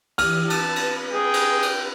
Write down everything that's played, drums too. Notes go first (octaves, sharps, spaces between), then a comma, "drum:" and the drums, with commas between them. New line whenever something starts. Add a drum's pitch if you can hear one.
E3 G4 F6, drum: cymbal
B4 A5, drum: cymbal
drum: cymbal
G#4 G5
drum: cymbal
drum: cymbal